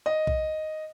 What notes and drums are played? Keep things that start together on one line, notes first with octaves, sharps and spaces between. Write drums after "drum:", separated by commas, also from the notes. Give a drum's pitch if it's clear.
D#5
drum: kick B1